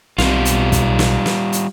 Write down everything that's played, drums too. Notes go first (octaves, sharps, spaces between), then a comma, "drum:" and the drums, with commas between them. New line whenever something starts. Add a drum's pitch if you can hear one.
B1 B2 G3 C4 F4, drum: snare
drum: hi-hat
drum: kick, hi-hat
drum: snare
drum: snare
drum: hi-hat